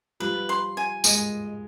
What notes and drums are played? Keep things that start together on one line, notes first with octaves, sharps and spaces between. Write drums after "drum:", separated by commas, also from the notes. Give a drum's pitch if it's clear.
F3 G3 B4
C6
G#5
G#3 D#5, drum: tambourine